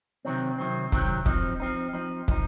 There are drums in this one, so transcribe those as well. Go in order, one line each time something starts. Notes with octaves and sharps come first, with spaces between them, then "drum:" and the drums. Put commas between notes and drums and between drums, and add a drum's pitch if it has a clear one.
C3 D#3 F#3 C4
C3 D#3 F#3 C4
C3 D#3 F#3 C4, drum: kick
F3 C4 D#4, drum: kick
F3 C4 D#4
F3 C4 D#4
F3 C4 D#4, drum: kick